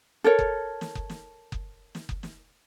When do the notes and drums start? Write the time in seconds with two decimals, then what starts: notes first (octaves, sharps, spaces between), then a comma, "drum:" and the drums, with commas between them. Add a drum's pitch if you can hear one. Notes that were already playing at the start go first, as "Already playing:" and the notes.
0.24 A4 A#4 C#5
0.39 drum: kick F#1
0.81 drum: snare
0.95 drum: kick F#1
1.10 drum: snare
1.52 drum: kick F#1
1.95 drum: snare
2.09 drum: kick F#1
2.23 drum: snare